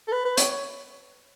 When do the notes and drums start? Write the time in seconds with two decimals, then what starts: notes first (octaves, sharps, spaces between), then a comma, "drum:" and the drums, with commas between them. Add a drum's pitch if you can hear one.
0.08 A4
0.12 B4
0.25 B4
0.37 C#5, drum: hi-hat
0.51 C#5